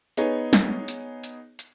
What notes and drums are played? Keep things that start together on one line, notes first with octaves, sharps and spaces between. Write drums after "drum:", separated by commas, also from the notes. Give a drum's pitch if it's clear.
B3 D#4 G#4 C#5, drum: hi-hat
drum: snare
drum: hi-hat
drum: hi-hat
drum: hi-hat